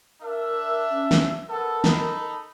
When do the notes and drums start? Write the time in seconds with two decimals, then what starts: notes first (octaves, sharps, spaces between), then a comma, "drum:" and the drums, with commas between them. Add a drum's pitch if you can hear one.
0.22 D4 A#4 E5
0.90 C#4
1.11 drum: snare
1.48 B3 A4 A#4
1.84 D#4 A4 B5, drum: snare